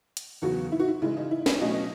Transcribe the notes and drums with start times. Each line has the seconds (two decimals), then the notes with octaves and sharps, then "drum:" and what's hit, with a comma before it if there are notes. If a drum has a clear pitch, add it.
0.17 drum: hi-hat
0.42 E2 C#3 F#3 B3 F#4
0.72 E4
0.79 F#4
0.88 E4
1.02 C#3 E3 G#3 E4
1.17 D#4
1.31 E4
1.46 B4, drum: snare
1.61 B2 F#3 A3 C#4 D#5